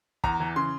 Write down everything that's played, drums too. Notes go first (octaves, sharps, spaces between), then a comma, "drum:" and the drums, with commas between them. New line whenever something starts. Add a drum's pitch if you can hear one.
E2 A#5, drum: kick
E3
C#3 C6